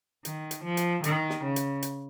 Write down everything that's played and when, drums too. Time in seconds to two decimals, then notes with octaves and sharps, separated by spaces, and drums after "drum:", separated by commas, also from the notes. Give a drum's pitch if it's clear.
0.25 D#3, drum: hi-hat
0.51 drum: hi-hat
0.63 F3
0.77 drum: hi-hat
1.04 D#3, drum: hi-hat
1.30 drum: snare
1.44 C#3
1.56 drum: hi-hat
1.83 drum: hi-hat